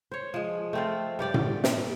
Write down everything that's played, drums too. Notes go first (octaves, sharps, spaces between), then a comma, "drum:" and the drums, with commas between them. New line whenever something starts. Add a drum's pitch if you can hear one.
C5 C#5
F3 G#3
A3 C4 F4
G2 G4 D5 G5
drum: tom A2
drum: snare